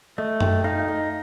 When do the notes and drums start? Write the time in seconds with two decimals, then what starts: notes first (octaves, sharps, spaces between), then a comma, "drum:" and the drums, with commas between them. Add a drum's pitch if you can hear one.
0.18 A3 D#5
0.40 G5, drum: tom F#2
0.64 D#4 F5
0.80 F5
0.88 D#5